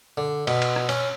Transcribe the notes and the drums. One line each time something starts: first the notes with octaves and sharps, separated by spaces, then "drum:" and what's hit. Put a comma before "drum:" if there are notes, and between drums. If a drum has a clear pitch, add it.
D3
B2, drum: cymbal
drum: cymbal
drum: rim click
C#4, drum: cymbal